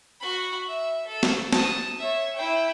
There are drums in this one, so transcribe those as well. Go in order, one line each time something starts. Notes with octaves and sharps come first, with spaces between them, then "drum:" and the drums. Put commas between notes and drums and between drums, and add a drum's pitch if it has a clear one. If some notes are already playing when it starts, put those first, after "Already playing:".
F#4 B5
E5
A4
drum: snare
A5 D#6, drum: snare
C#5 E5
E4 G5